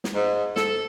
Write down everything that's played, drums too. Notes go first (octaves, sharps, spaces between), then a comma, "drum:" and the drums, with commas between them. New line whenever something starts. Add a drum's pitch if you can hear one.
drum: snare
G#2
A4, drum: snare